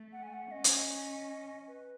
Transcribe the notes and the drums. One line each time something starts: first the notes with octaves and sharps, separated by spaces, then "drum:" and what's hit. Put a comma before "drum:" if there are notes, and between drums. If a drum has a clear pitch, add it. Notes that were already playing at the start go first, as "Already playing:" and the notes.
Already playing: A3
F#5
G#5
F#5
C#4 D#5
C#5, drum: hi-hat
D#5
B4